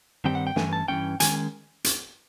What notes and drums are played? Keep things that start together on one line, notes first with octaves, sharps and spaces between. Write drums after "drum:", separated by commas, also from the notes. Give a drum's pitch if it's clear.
G2 D#3 G3 C4 G5
F#5
G5
G2 E3 A3 C#4 G#5, drum: snare
A5
G2 E3 A3 C#4 G5
D#3 G#3 C#4 G#5, drum: hi-hat
drum: hi-hat